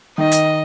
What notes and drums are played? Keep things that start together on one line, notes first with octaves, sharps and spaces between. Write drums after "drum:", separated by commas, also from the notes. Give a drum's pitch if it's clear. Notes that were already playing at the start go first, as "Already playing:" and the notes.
D#3 D#5
drum: hi-hat